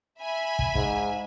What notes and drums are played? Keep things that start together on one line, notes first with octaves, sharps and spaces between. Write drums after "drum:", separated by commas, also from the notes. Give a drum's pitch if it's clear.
E5 G#5 B5
drum: kick
G#2, drum: kick